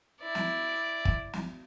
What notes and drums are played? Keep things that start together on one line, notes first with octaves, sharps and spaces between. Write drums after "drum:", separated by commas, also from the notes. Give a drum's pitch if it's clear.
E4 D5
drum: snare
drum: kick
drum: snare